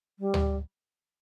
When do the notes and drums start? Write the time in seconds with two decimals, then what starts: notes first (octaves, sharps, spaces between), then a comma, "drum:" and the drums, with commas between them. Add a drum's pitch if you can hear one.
0.19 G3
0.34 drum: tom D2